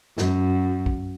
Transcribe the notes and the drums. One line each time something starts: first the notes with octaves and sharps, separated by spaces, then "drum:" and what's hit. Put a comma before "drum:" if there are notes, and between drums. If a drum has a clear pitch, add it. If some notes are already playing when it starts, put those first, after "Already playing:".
F#2, drum: snare
drum: kick B1